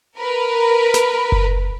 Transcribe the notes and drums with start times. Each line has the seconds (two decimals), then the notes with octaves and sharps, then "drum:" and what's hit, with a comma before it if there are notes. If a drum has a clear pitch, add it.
0.18 A#4 B4
0.94 drum: snare
1.32 drum: kick F#1